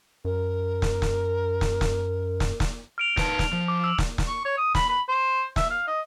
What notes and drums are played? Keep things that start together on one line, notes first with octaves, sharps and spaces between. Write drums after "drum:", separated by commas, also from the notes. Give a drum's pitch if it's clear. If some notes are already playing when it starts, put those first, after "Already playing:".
F#2 A#4
drum: snare
drum: snare
drum: snare
drum: snare
drum: snare
drum: snare
F6 D7 F7
D#4 B4 A5, drum: snare
drum: snare
F3
D6
E6
drum: snare
drum: snare
C#6
C#5
D#6
B5, drum: snare
B5
C5
E5, drum: snare
F5
D#5